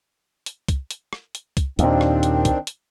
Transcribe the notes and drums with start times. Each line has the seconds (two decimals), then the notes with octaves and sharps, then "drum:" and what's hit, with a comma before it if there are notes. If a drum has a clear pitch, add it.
0.46 drum: hi-hat
0.68 drum: kick C2, hi-hat
0.91 drum: hi-hat
1.13 drum: rim click
1.35 drum: hi-hat
1.57 drum: kick C2, hi-hat
1.79 D#2 A#2 D#3 C4 D4, drum: hi-hat
2.01 drum: rim click
2.23 drum: hi-hat
2.45 drum: kick C2, hi-hat
2.67 drum: hi-hat